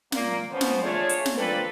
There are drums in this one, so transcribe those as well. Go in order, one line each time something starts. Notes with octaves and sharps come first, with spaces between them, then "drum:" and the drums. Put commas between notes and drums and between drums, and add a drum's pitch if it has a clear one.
A#2 A#3, drum: snare
F2 F3 B3 C#4 C5
drum: snare
A3 D4 F4 G#4 C#5
drum: hi-hat
drum: snare
A#3 C4 D4 F4 A4 B4